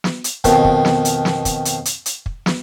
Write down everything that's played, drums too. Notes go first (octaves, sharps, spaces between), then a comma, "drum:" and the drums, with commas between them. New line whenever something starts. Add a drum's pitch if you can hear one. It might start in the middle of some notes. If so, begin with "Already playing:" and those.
drum: snare
drum: hi-hat
F2 B2 D#3, drum: kick, hi-hat
drum: kick
drum: snare
drum: hi-hat
drum: snare
drum: kick, hi-hat
drum: hi-hat
drum: hi-hat
drum: hi-hat
drum: kick
drum: snare